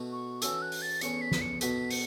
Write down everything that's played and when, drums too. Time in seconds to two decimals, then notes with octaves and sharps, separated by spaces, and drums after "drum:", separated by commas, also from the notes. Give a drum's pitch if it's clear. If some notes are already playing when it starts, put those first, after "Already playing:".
Already playing: B2 A3 F#4
0.12 C#6
0.42 E3 C#4 F#4 A4 E6, drum: hi-hat
0.62 F#6
0.72 drum: open hi-hat
0.82 A6
1.01 E2 E3 A3 C#4 C#7, drum: hi-hat
1.21 B6
1.31 drum: snare
1.41 C#7
1.61 B2 B3 F#4 A4 B6, drum: hi-hat
1.91 C#7, drum: open hi-hat